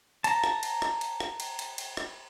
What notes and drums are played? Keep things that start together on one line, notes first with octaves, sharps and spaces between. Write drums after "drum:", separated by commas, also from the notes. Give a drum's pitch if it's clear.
A5 A#5, drum: cymbal
drum: rim click
drum: cymbal
drum: rim click
drum: cymbal
drum: rim click
drum: cymbal
drum: cymbal
drum: cymbal
drum: rim click